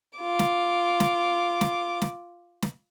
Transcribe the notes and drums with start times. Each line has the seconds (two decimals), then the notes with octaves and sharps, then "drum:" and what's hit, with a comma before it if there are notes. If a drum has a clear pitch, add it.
0.19 F4 D6
0.39 drum: snare
1.00 drum: snare
1.61 drum: snare
2.02 drum: snare
2.62 drum: snare